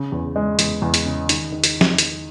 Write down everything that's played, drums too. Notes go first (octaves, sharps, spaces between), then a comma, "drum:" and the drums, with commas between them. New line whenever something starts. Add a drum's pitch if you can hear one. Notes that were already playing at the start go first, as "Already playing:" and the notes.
Already playing: C#3
E2
G#3
E2, drum: hi-hat
E2
drum: hi-hat
C#3
D#3, drum: hi-hat
D#3
drum: hi-hat
drum: snare
drum: hi-hat